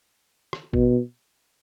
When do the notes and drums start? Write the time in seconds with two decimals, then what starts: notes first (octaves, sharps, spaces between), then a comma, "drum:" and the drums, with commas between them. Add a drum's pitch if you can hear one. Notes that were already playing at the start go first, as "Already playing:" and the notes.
0.53 drum: rim click
0.74 B2, drum: kick G#1